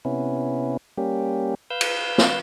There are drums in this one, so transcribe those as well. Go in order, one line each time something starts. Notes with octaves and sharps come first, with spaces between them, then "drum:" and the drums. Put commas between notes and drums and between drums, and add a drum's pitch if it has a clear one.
C3 B3 C#4 E4
G3 A#3 C#4 G4
B4 F5 E6 G6
drum: cymbal
drum: snare